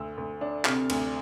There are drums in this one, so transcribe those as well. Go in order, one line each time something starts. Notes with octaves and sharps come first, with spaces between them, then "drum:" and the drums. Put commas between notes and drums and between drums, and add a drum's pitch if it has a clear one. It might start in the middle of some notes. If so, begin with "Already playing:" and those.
Already playing: D2 E6
D2
D4
C3 F6, drum: clap
D2, drum: cymbal